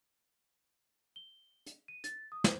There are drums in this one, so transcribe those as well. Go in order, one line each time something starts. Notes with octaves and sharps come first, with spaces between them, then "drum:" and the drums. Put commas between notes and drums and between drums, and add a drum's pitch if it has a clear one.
G7
drum: hi-hat
D#7
A6, drum: hi-hat
D#6
C5, drum: snare